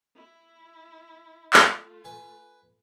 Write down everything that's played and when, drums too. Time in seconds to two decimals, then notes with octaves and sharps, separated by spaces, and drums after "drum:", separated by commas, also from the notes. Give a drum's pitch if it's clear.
0.15 E4
1.53 A3 F4, drum: clap
2.04 B4 G#5